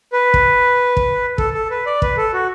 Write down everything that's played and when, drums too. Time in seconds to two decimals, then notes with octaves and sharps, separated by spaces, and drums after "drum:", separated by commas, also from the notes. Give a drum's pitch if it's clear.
0.13 B4
0.34 drum: kick
0.97 drum: kick
1.38 A4, drum: kick
1.54 A4
1.70 B4
1.86 D5
2.02 B4, drum: kick
2.17 A4
2.33 F#4